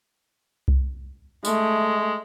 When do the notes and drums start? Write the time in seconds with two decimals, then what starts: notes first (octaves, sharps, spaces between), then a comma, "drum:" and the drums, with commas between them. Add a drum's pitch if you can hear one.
0.68 drum: kick C2
1.45 G#3 A3, drum: tambourine